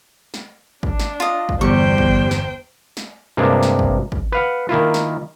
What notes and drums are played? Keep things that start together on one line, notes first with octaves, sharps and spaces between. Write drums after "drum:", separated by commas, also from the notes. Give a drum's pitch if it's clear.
drum: snare
D4, drum: kick
drum: snare
F4 D#5
drum: kick
G1 E2 G3 C5 G5 C#6
drum: kick
drum: snare
drum: snare
G2 C3 G#3 A#3 D4
drum: snare
drum: kick
drum: kick
B4 F5 F#5
D#3 A#3 E4 F4
drum: snare